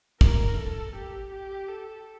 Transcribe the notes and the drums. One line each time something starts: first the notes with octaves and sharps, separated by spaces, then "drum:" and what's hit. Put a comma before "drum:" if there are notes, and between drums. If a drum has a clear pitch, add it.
A#4, drum: kick
A4
G4
G4
A4